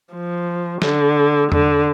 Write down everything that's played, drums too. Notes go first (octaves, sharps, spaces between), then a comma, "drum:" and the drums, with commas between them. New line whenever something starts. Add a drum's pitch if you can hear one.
F3
D3, drum: snare
D3, drum: tom E2